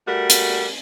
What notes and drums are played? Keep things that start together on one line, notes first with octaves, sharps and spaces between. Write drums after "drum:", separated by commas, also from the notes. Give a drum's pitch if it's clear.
G3 A3 F#4 A#4
drum: hi-hat